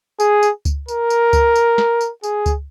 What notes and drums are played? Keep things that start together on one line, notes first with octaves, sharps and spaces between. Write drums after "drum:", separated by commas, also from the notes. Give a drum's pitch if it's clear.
G#4, drum: tambourine
drum: tambourine
drum: kick C#2, tambourine
A#4, drum: tambourine
drum: tambourine
drum: kick C#2, tambourine
drum: tambourine
drum: snare
drum: tambourine
G#4, drum: tambourine
drum: kick C#2, tambourine